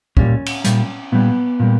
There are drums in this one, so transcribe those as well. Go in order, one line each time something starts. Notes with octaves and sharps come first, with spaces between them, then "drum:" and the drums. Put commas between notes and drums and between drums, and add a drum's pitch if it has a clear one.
A#2 G3 C#4, drum: kick
drum: cymbal
A#2 G3, drum: hi-hat
A#2 G3 B3
A#2 G3